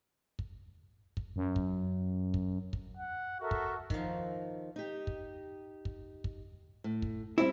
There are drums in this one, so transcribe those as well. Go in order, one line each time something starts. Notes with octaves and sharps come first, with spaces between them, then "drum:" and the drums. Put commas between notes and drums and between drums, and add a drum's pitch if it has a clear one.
drum: kick
drum: kick
F#2
drum: kick
drum: kick
drum: kick
F#5
F#4 A4 A#4 E5
drum: kick
D#3 F3, drum: kick
D#4 G4
drum: kick
drum: kick
drum: kick
A2
drum: kick
G3 C4 E4 E5